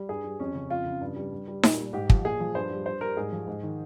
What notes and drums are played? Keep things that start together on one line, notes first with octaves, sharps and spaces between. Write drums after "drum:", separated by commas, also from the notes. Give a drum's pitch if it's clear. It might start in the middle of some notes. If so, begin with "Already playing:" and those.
Already playing: G3
G2 G#4
G3
F2 C#4
C#3
F2 F4
C#3
G2
G3
G2
G3
A#2, drum: snare D#4
G3
G#2 G4
F3, drum: kick
A#2 G#4
F3
G2 C5
G3
G2 C5
G3 A#4
G#2 G#4
F3
G#2
D#3